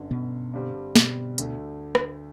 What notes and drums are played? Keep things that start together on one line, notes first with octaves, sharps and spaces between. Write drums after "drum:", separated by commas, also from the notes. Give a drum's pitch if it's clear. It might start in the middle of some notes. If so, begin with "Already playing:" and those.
Already playing: G1 F#2 D3
B2 B3
G2 D3 G3 C4
B2 B3, drum: snare
D2 D3 A3, drum: hi-hat
drum: rim click